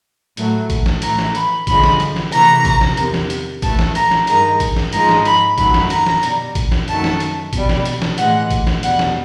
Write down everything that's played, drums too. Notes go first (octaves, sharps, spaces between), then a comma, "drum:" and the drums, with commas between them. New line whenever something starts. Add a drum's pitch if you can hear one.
A2 F#3 A3, drum: hi-hat
drum: kick A1, hi-hat
drum: snare
A2 E3 A3 A#5, drum: hi-hat
drum: snare
B5, drum: hi-hat
G2 D3 F3 G#3 B5, drum: kick A1, hi-hat
drum: snare
drum: hi-hat
drum: snare
C3 E3 A3 A#5, drum: hi-hat
drum: kick A1, hi-hat
drum: snare
E2 C3 D#3, drum: hi-hat
drum: snare
drum: hi-hat
A2 E3 A3 A5, drum: kick A1, hi-hat
drum: snare
A#5, drum: hi-hat
drum: snare
G2 D#3 G#3 A#5, drum: hi-hat
drum: kick A1, hi-hat
drum: snare
G#2 F3 G#3 A#5, drum: hi-hat
drum: snare
B5, drum: hi-hat
F#2 D#3 F#3 A3 B5, drum: kick A1, hi-hat
drum: snare
A#5, drum: hi-hat
drum: snare
B2 G3, drum: hi-hat
drum: kick A1, hi-hat
drum: snare
F#2 D#3 F#3 A3 A5, drum: hi-hat
drum: snare
drum: hi-hat
B2 G3, drum: kick A1, hi-hat
drum: snare
drum: hi-hat
drum: snare
A2 E3 G#3 F#5, drum: hi-hat
drum: kick A1, hi-hat
drum: snare
E2 B2 G3 F#5, drum: hi-hat
drum: snare